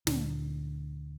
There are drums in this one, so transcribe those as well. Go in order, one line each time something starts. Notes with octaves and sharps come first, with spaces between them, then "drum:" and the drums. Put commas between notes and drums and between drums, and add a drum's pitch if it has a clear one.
D2 A#2 D4, drum: snare